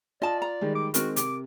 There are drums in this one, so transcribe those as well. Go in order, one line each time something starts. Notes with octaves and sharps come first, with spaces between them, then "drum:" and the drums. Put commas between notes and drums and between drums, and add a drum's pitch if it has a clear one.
F4 D5 D#5 A5
A#5
D#3 G3 G#3
D6
D#3 G#3 C4 F#4 A#4, drum: hi-hat
C3 D6, drum: hi-hat